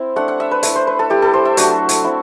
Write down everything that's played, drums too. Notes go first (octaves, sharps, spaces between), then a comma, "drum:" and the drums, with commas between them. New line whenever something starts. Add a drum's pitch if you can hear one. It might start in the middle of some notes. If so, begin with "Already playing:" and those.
Already playing: C4 E4 E5
A3 D4 F#5
F#5
E5
B4
A3 E4, drum: hi-hat
C5
B4
A4
A3 E4 G4
A4
C5
E5
F#3 A3 D4 F#4, drum: hi-hat
drum: hi-hat
F#3 C4 E4